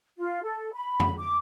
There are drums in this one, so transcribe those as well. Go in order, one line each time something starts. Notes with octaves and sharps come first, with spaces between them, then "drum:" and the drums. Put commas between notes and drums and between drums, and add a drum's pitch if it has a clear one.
F4
A4
B5
drum: tom F2
D6